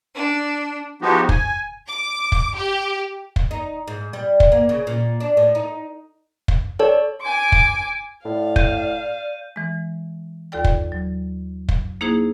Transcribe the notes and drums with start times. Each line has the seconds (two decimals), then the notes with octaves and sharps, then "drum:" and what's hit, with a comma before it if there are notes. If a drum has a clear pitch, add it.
0.15 D4
1.02 F3 G#3 B3 D#4 F#4 G4
1.29 G#5, drum: kick
1.88 D6
2.32 drum: kick
2.56 G4
3.36 drum: kick
3.51 D#4
3.88 G#2
4.13 G3
4.40 drum: kick
4.52 A#3
4.69 C#3
4.87 A#2
5.20 D4
5.37 A2
5.55 D#4
6.48 drum: kick
6.79 A4 C#5 D5
7.21 G#5 D6
7.52 drum: kick
8.25 A2 D5 F5
8.56 G6 D#7, drum: kick
9.56 E3 G#3
10.52 D#2 F4 A4 D5 G5
10.64 drum: kick
10.92 F#3
11.69 drum: kick
12.01 A#3 D#4 E4 G#4 C5